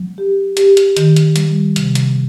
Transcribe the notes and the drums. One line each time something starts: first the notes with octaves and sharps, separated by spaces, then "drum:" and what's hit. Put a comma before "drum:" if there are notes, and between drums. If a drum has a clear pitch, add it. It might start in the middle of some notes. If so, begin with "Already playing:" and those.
Already playing: F#3
G4
G4, drum: hi-hat
drum: hi-hat
D#3, drum: hi-hat
drum: hi-hat
G3, drum: hi-hat
C3, drum: hi-hat
drum: hi-hat